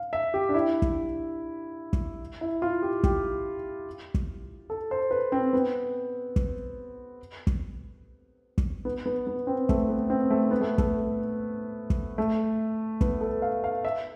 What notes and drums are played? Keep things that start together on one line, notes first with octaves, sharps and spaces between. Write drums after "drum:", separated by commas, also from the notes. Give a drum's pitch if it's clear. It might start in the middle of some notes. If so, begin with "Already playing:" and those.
Already playing: F5
E5
G4
D4
E4
drum: kick
drum: kick
E4
F4
G4
G4, drum: kick
drum: kick
A4
C5
B4
C4
B3
drum: kick
drum: kick
drum: kick
B3
B3
B3
C4
A3, drum: kick
B3
C4
A3
B3
A3
A3, drum: kick
drum: kick
A3
B3, drum: kick
A4
F5
F5
E5